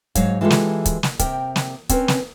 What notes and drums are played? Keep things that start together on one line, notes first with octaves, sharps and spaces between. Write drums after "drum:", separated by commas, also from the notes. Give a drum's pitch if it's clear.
G#2 F#3 C#5 F5, drum: kick, hi-hat
E3 G#3 F4 G4 A4
drum: snare
drum: kick, hi-hat
drum: snare
C3 A#4 G5, drum: kick, hi-hat
drum: snare
C4 C#4 A#4 B4, drum: kick, hi-hat
drum: snare